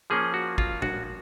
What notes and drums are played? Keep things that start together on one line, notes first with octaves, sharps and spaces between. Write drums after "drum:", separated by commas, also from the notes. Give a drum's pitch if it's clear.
F3 A#3 C#4 G#4
F#4
F4, drum: kick G#1
F#4, drum: tom A#2